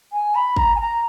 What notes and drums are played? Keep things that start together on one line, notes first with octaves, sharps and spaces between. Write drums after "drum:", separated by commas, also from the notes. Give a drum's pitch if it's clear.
G#5
B5
A#5, drum: kick
G#5
A#5